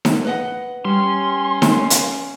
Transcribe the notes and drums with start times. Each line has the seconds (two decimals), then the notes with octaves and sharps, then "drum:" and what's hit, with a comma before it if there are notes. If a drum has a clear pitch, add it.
0.05 drum: snare D#4
0.25 B4 D#5 F#5
0.85 G3 C#4 C6
1.62 drum: snare D#4
1.90 drum: hi-hat